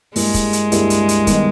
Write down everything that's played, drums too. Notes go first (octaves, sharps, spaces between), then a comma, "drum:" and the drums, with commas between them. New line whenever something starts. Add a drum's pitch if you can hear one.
G2 G3 G#3 A#3 E4 G#4, drum: open hi-hat
drum: kick, hi-hat
drum: hi-hat
G2 G3 A#3 E4 G#4, drum: hi-hat
drum: hi-hat
drum: hi-hat
D#3 G3 B3 D#4, drum: kick, hi-hat